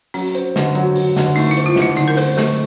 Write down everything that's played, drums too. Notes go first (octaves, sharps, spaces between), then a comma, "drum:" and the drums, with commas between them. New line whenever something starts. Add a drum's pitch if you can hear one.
F#3 C#4, drum: open hi-hat
C4, drum: hi-hat
D3, drum: snare
F#3, drum: hi-hat
F#3, drum: open hi-hat
D3, drum: snare
A3 D#4, drum: open hi-hat
E4
C4, drum: hi-hat
F4
D3, drum: snare
E4
D3 D#4, drum: hi-hat
A#4
C4 A4, drum: open hi-hat
A3 A4, drum: snare